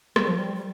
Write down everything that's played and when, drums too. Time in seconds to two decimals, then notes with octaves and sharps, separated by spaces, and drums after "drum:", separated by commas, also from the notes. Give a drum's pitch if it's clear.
0.16 G3, drum: rim click
0.28 F3
0.38 G3
0.56 G3